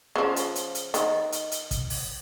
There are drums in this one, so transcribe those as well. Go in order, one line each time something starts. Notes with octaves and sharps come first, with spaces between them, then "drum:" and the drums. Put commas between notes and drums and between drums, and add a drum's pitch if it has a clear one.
C#3 F3
drum: hi-hat
drum: hi-hat
drum: hi-hat
D#3, drum: hi-hat
drum: hi-hat
drum: hi-hat
drum: kick, hi-hat
drum: open hi-hat